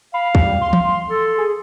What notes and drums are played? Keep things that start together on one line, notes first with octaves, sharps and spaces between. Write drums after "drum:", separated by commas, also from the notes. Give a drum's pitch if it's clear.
F5 B5
G3, drum: kick
C6
drum: tom
A4
G#4